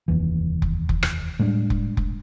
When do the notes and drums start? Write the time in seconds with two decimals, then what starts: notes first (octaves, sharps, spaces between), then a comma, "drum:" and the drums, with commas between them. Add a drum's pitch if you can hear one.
0.08 F1 D#2 E3
0.62 drum: kick F1
0.89 drum: kick F1
1.03 drum: rim click
1.39 A2 G3 G#3 D4
1.70 drum: kick F1
1.97 drum: kick F1